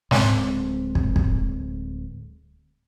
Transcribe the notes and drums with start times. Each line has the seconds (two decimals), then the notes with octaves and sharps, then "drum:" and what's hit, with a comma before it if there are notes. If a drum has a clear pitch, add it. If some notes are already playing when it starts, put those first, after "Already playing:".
0.11 D1 G#3 C4, drum: snare
0.95 drum: kick
1.16 drum: kick